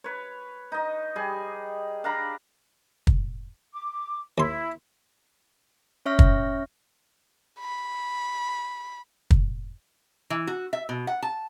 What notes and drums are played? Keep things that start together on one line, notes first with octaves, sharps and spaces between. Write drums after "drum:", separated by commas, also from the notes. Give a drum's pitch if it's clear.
B4 C#5
D#4 D#5
G3 G#4
D4 F5 A#5 B5
drum: kick
D6
D#2 E4 C6
C#4 C#5 E5 C#6 F6 A#6
drum: kick
B5
drum: kick
E3
F#4
E5
B2
F#5
A5